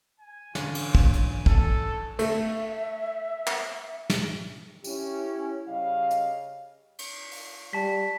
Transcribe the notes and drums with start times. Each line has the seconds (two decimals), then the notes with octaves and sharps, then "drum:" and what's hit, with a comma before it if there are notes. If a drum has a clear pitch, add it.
0.20 G#5
0.55 D3 E3 C#4 D4 F4, drum: snare
0.75 drum: cymbal
0.95 drum: kick
1.13 drum: hi-hat
1.46 A4, drum: kick
2.19 A3 E5, drum: cymbal
3.47 drum: clap
4.10 drum: snare
4.84 C#4 E4 G4, drum: tambourine
5.68 C#3 G3 C#5 D#5 F5
6.11 drum: hi-hat
6.99 drum: cymbal
7.31 drum: open hi-hat
7.73 G3 A5 B6